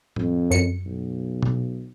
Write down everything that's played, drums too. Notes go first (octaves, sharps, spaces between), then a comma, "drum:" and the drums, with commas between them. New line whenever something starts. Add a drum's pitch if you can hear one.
F2, drum: tom A2
F#2 C#7
B1
drum: tom B2